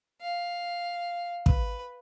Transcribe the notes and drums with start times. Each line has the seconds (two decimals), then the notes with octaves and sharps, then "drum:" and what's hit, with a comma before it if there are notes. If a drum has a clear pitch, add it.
0.21 F5
1.46 B4, drum: kick